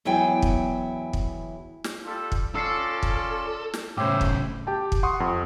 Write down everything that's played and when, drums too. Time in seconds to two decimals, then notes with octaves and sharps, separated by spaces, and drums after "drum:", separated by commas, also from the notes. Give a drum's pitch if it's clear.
0.05 E2 F#3 E4 G5 G#5
0.42 drum: kick
1.13 drum: kick
1.84 drum: snare
2.05 G3 F4 A4
2.32 drum: kick
2.55 C#4 F4 A4 D5 E6 C7 C#7
3.03 drum: kick
3.74 drum: snare
3.97 A2 C#3 C5 C#5 E5 G5 D6
4.21 drum: kick
4.67 G4 G5 A5
4.92 drum: kick
5.03 F#5 C6 C#6 D#6
5.20 F2